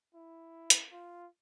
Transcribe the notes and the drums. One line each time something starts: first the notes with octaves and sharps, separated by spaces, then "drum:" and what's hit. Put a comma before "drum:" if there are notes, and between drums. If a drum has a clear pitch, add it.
E4
drum: hi-hat
F4